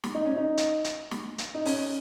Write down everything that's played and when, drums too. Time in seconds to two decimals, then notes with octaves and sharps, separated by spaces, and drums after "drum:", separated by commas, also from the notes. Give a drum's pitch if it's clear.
0.04 drum: snare
0.14 D#4
0.25 C#4
0.36 D#4
0.57 drum: hi-hat
0.84 drum: hi-hat
1.11 drum: snare
1.38 drum: hi-hat
1.54 D#4
1.65 C#4, drum: open hi-hat